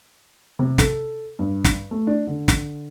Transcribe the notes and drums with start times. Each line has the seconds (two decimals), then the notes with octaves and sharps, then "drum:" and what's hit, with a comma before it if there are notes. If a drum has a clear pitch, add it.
0.59 C3
0.78 A4, drum: snare
1.39 G2
1.64 drum: snare
1.91 A3
2.07 D4
2.27 D3
2.48 drum: snare